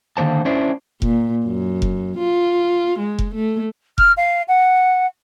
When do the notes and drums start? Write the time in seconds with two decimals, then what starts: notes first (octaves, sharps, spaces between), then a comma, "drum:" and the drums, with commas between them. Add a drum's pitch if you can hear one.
0.17 D3 D#3 A#3 C5 A5
0.45 C#4 D4 E4 C5 D5
1.02 A#2, drum: kick F1
1.46 F#2
1.82 drum: kick F1
2.18 F4
2.99 G#3
3.19 drum: kick F1
3.34 A3
3.98 F6, drum: kick F1
4.17 F5
4.48 F#5